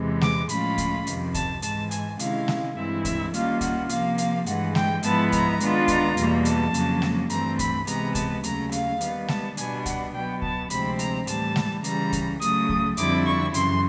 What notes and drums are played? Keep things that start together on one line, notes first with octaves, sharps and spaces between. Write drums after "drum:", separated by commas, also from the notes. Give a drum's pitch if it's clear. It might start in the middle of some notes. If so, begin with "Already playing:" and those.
Already playing: E2 C3 E3 G#3
D6, drum: snare G#3
A2 F3 G#3 C#4 F4 B5, drum: hi-hat
drum: kick C#2, hi-hat
F2 C3 D#3, drum: hi-hat
A5, drum: kick C#2, hi-hat
G#2 E3 G#3 A5, drum: hi-hat
G#5, drum: hi-hat
C3 D#3 G#3 C#4 E4 F5, drum: hi-hat
drum: snare G#3
G2 E3 G#3 C4 E4 E5
E5, drum: kick C#2, hi-hat
D#3 G3 A#3 C#4 F4 F5, drum: hi-hat
F#5, drum: kick C#2, hi-hat
C3 F3 A#3 F5, drum: hi-hat
F5, drum: hi-hat
G2 E3 G#3 F#5, drum: hi-hat
G5, drum: snare G#3
G#2 F3 G#3 B3 E4 A5, drum: hi-hat
A#5, drum: kick C#2, hi-hat
D#3 G#3 B3 D4 F4, drum: hi-hat
A#5, drum: kick C#2, hi-hat
E2 B2 G3 A#3, drum: hi-hat
A5, drum: hi-hat
F2 C#3 F#3 A#3, drum: hi-hat
drum: snare G#3
G2 E3 A3 C4 A#5, drum: hi-hat
B5, drum: kick C#2, hi-hat
C3 E3 G#3 B3 A#5, drum: hi-hat
A5, drum: kick C#2, hi-hat
D#2 C#3 F#3 A3 A#5, drum: hi-hat
F5, drum: hi-hat
D#3 G3 B3, drum: hi-hat
A5, drum: snare G#3
B2 G3 B3 D4 G#5, drum: hi-hat
F#5, drum: kick C#2, hi-hat
B2 F#3 B3 G5
A5, drum: kick C#2
D2 C3 F3 G#3 C4 B5, drum: hi-hat
A#5, drum: hi-hat
A2 E3 G3 A5, drum: hi-hat
drum: snare G#3
C#3 E3 G3 A#5, drum: hi-hat
drum: kick C#2, hi-hat
C#3 F#3 A3 D#6, drum: hi-hat
drum: kick C#2
F2 D3 G3 C4 E4 D6, drum: hi-hat
C#6
F#2 C#3 E3 C6, drum: hi-hat